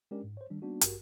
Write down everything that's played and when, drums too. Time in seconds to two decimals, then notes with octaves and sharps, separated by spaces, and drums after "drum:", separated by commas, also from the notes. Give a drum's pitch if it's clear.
0.11 G#3 C#4 D4 G4 A#4 D5
0.24 G#2
0.37 C5 C#5
0.50 D#3 G3 D4
0.62 G3 A#3 B3 D4 D#4 F#4
0.81 A1 G2 F#4 G4 A#4, drum: hi-hat